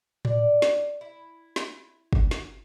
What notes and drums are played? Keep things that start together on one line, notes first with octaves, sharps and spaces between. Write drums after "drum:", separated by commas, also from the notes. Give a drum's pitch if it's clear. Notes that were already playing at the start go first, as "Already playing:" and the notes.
D5, drum: tom A2
drum: snare
E4
drum: snare
drum: kick
drum: snare